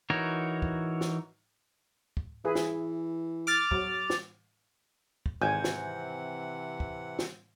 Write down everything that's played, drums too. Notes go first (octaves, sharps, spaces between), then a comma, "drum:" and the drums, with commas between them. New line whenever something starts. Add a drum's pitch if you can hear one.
E3 D#4 F#4 A#4 C#5
drum: kick
drum: snare
drum: kick
E3 E4 G#4 B4
drum: snare
D6 F6 A6
F#3, drum: kick
drum: snare
drum: kick
G#1 C3 E3 C4 F#5 G#5 G6
drum: snare
drum: kick
drum: snare